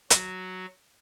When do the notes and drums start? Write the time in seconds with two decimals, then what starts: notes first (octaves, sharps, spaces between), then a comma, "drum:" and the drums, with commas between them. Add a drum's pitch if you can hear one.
0.10 F#3 F#4, drum: hi-hat